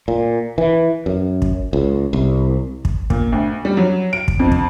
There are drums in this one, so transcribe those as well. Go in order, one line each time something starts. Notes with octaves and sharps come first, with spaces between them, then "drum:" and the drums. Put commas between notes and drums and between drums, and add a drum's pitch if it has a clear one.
A#2
E3
F#2
drum: kick
C#2
C2
drum: kick
A#2, drum: kick
D2
G3
F#3
D7
drum: kick
F2
drum: kick